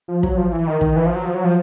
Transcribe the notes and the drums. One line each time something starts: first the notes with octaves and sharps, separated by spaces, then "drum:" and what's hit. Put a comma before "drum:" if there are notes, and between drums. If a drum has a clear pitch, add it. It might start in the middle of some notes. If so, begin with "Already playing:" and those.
F3
F#3, drum: kick
F3
E3
D#3
D#3, drum: kick
E3
F3
F#3
F3
F#3
F3